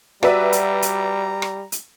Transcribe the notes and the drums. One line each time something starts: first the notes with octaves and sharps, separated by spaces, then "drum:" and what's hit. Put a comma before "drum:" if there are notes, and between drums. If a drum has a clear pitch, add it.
G3 F#4 B4 D5 E5 A#5, drum: rim click
drum: hi-hat
drum: hi-hat
drum: rim click
drum: hi-hat